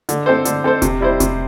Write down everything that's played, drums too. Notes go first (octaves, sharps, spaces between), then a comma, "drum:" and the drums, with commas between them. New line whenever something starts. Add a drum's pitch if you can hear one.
D3, drum: hi-hat
C4 A4 C5
D3, drum: hi-hat
C4 A4 C5
C3, drum: kick E1, hi-hat
G3 E4 C5
C3, drum: kick E1, hi-hat